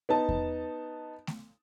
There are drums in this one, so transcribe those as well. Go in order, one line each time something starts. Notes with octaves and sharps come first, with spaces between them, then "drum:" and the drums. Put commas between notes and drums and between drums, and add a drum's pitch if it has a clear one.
B3 D#4 A5
drum: kick E2
drum: snare A3